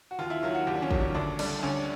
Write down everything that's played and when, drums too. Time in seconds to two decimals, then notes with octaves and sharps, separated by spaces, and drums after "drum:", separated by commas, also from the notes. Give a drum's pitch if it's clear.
0.11 F#4
0.19 D#2 F4
0.30 E4
0.43 D#3 F#3 F4
0.54 F#4
0.67 D#2 G4
0.75 D4
0.82 C#4
0.91 D#3 F#3, drum: kick
0.99 D4
1.15 D2 D4
1.39 D3 G3 D4, drum: cymbal
1.59 D4
1.63 D2 C#4